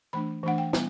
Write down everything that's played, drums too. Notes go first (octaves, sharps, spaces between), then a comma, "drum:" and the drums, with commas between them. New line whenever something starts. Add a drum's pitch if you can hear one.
E3 A3 D4 B5
E3 A3 D4 F#5
G5
G3 B3, drum: snare